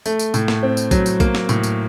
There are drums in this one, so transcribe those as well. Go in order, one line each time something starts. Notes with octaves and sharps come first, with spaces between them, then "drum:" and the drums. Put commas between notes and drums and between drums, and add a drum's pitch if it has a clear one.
A3, drum: tambourine
drum: tambourine
A2, drum: tambourine
drum: snare
C4
drum: tambourine
F#3, drum: kick A#1, tambourine
drum: tambourine
A#3, drum: kick A#1, tambourine
drum: snare
A2, drum: tambourine
drum: tambourine